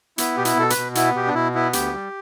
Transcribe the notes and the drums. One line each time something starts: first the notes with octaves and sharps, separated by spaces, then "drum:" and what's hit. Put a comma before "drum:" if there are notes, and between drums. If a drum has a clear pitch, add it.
B3 E4, drum: hi-hat
B2 G4
E4, drum: hi-hat
B2 A4
B4, drum: hi-hat
B2
B3 E4, drum: hi-hat
B2 G4
D4
B2 E4
B3 E4
D2 G4, drum: hi-hat
G3